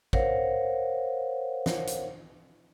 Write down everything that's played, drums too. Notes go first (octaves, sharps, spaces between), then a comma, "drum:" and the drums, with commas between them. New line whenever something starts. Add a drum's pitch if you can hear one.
A#4 C5 C#5 F5 F#5, drum: kick A1
drum: snare
drum: hi-hat